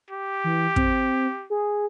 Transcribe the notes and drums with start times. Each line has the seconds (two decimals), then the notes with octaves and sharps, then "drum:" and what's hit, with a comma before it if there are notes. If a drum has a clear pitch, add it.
0.11 G4
0.44 E3
0.76 C4, drum: kick
1.50 G#4